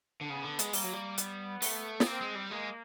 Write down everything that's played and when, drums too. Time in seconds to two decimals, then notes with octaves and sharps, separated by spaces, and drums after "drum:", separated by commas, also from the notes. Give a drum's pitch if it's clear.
0.21 D3
0.29 C#3 B3
0.44 D3
0.59 G#3, drum: hi-hat
0.73 G3 A#3, drum: open hi-hat
0.84 F#3
0.93 G3
1.18 B3, drum: hi-hat
1.62 A3, drum: open hi-hat
2.00 B3, drum: snare
2.06 A#3 C4
2.21 G#3
2.35 G3
2.51 G#3 A#3